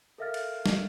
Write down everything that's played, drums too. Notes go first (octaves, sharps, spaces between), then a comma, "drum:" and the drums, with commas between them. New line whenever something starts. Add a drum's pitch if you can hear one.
A4 A#4 E5 F5 F6 A6
drum: cymbal
drum: snare